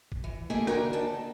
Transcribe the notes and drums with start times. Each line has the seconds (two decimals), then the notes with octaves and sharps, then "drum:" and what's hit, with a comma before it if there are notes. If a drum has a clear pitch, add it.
0.12 drum: kick
0.24 E3
0.50 A3 A#3 D#4 F4 G4 G#4
0.67 D3 D4 F#4 A#4 G5, drum: rim click
0.93 D#2 C#3 G5 A5